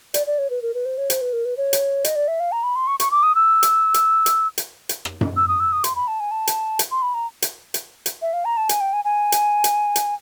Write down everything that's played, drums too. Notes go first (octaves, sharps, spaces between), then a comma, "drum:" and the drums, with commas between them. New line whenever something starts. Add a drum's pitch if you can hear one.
D5, drum: hi-hat
D5
C#5
B4
A#4
B4
C5
C#5
C5, drum: hi-hat
B4
A#4
B4
C#5
drum: hi-hat
D#5, drum: hi-hat
D5
E5
F5
A#5
B5
C6
C#6
C#6, drum: hi-hat
D6
D#6
E6
drum: hi-hat
drum: hi-hat
drum: hi-hat
drum: hi-hat
drum: hi-hat
drum: rim click
drum: tom F#2
E6
D#6
E6
D#6
C6, drum: hi-hat
B5
A5
G#5
A5
drum: hi-hat
drum: hi-hat
C6
B5
A#5
drum: hi-hat
drum: hi-hat
drum: hi-hat
E5
F5
A#5
A5
G#5, drum: hi-hat
G5
G#5
G#5
drum: hi-hat
drum: hi-hat
drum: hi-hat